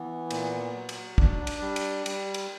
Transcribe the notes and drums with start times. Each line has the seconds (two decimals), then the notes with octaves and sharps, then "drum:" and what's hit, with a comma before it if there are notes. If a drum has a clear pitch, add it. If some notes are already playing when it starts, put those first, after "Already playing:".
Already playing: E3 B3
0.31 A#2, drum: cymbal
0.74 F#3
0.89 drum: cymbal
1.18 D4, drum: kick
1.47 drum: cymbal
1.61 G3
1.76 drum: cymbal
2.06 G3, drum: cymbal
2.34 drum: cymbal